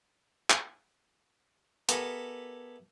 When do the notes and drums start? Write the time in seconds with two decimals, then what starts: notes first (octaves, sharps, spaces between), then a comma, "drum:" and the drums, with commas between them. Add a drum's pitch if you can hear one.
0.50 drum: clap
1.89 B3 G4 A4 A#4 E5 G#5, drum: hi-hat